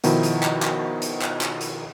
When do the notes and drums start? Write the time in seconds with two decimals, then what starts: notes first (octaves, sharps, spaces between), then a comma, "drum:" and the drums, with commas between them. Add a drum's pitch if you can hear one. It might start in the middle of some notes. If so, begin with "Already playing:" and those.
0.04 B2 D#3 F3 D#4 E4, drum: hi-hat
0.23 drum: hi-hat
0.43 drum: clap
0.63 drum: clap
1.02 drum: hi-hat
1.21 drum: clap
1.41 drum: clap
1.61 drum: hi-hat